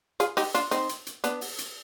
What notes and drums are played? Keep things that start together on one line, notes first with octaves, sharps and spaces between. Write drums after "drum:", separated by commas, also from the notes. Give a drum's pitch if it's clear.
F4 G#4, drum: hi-hat
D#4 G4, drum: open hi-hat
D4 F4, drum: hi-hat
C4 D#4, drum: hi-hat
drum: hi-hat
drum: hi-hat
B3 D4, drum: hi-hat
drum: open hi-hat
drum: hi-hat